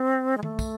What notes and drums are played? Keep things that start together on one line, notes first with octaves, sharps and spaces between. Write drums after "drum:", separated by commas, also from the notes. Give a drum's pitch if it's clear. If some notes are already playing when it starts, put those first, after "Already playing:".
Already playing: C4
G#3
A3, drum: tom D#3
drum: kick, tambourine